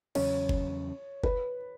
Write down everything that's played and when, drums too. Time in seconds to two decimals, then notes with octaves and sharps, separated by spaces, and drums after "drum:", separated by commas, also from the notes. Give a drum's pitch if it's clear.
0.15 E2 C#3 F#3 C#4 C#5, drum: cymbal
0.49 drum: kick F#1
1.24 B4, drum: kick F#1